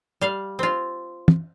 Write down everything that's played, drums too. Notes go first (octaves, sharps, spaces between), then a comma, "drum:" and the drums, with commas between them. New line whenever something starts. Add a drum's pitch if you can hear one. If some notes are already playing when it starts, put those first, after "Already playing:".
G3 F5
C4 F4
drum: tom